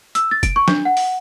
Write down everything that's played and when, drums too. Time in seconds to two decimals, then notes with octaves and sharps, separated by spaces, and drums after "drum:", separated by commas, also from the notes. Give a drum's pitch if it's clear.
0.15 E6, drum: hi-hat
0.31 A6
0.43 D7, drum: kick F#1, hi-hat
0.56 C#6
0.68 D4, drum: snare
0.85 F#5
0.97 drum: open hi-hat